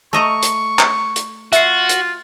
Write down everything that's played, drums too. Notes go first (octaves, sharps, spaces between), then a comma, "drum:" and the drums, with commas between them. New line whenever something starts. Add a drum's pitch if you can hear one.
A3 D#5 A#5 C#6
drum: hi-hat
drum: clap
drum: hi-hat
F4 F#4 E5 C7, drum: hi-hat
drum: hi-hat